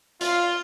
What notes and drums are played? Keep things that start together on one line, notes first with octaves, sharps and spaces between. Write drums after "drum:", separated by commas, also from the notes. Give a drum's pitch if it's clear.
F4, drum: hi-hat